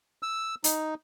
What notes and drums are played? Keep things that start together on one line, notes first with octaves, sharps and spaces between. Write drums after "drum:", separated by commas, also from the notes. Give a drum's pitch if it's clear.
E6
D#4, drum: hi-hat